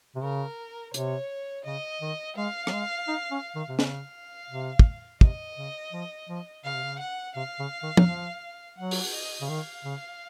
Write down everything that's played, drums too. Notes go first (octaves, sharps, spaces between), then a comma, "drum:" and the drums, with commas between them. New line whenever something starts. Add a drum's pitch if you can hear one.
C3
C#3 A#4
C3 C#5, drum: hi-hat
C#3 D#5
D#3
G#3 F5
F#3, drum: rim click
G#3
D#4
C#4
D#3
C3
C#3 F5, drum: snare
C3
drum: kick
C3 D#5, drum: kick
C#3
F3
F3
C#3 F5
C3
C#3
F#5
C3 F5
C#3
D#3
F#3, drum: tom
F3
F#3 F#5
drum: open hi-hat
D#5
C#3
D#3 F5
C#3